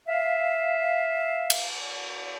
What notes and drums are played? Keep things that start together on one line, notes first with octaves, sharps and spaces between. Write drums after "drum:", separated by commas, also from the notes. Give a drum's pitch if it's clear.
E5 F5
drum: cymbal